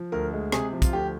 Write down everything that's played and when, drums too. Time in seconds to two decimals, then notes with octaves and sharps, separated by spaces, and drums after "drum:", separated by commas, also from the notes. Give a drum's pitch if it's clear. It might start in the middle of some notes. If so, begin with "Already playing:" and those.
Already playing: F3
0.12 D2 A#4
0.33 G#3
0.52 C3 G#4, drum: rim click
0.73 F3
0.82 F4, drum: kick, hi-hat
0.93 D2 G4